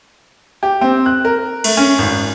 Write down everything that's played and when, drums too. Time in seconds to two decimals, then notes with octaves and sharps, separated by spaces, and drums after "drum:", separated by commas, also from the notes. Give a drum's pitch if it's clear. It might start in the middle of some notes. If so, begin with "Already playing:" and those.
0.63 G4
0.81 C4
1.06 F#6
1.25 A#4
1.64 A3, drum: cymbal
1.77 C#4
1.99 G#1